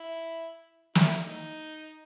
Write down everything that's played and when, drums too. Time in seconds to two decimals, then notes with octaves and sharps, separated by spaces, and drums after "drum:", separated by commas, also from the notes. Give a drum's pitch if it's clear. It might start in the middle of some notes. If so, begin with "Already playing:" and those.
Already playing: E4
0.95 E4, drum: snare
1.21 D#4